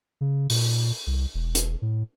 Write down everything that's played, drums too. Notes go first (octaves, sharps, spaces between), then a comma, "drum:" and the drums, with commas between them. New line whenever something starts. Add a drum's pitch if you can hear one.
C#3
A#2, drum: open hi-hat
C2
E1
drum: hi-hat
A2